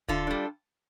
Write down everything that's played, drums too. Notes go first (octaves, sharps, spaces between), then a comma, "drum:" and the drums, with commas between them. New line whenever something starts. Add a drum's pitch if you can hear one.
D3 F4 A4, drum: kick D1
G3 D4